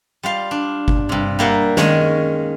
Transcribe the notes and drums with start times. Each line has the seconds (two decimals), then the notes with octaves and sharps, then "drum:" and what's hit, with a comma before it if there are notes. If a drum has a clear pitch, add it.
0.23 G3 F4 F5
0.51 D4
0.88 drum: kick G1
1.09 G2 C3
1.39 G3 A#3 E5 F#5
1.77 D#3 G#3 C#4, drum: snare